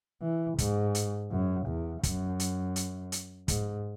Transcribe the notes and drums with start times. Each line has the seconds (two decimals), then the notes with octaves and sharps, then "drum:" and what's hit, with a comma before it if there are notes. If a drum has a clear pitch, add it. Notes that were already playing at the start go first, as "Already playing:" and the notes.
0.22 E3
0.58 G#2, drum: kick, hi-hat
0.95 drum: hi-hat
1.31 F#2
1.67 E2
2.03 F#2, drum: kick, hi-hat
2.40 drum: hi-hat
2.76 drum: hi-hat
3.12 drum: hi-hat
3.48 G#2, drum: kick, hi-hat